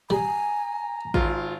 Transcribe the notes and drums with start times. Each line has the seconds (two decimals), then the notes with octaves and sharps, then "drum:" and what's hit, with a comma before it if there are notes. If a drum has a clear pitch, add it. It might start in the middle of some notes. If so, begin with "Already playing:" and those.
0.10 G3 G#5 A#5
1.14 G#1 F4, drum: kick A1